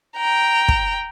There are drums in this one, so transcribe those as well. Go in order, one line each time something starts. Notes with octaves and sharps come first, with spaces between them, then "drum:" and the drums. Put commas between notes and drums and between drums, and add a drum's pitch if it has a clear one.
G5 A#5
drum: kick